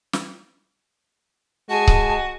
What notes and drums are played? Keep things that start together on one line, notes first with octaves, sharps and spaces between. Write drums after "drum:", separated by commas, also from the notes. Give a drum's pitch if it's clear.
drum: snare
G#3 F#4 G#4 G#5 A5
drum: kick C#1